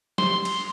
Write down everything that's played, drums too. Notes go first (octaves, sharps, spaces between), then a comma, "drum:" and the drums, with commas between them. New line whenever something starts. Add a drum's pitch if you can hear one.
C6, drum: snare
drum: cymbal